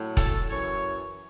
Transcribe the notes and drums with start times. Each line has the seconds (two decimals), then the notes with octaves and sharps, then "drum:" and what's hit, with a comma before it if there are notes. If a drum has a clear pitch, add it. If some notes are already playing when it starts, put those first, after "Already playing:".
Already playing: A2 F#3
0.17 A4, drum: kick E1, hi-hat
0.50 F#2 E3 C#5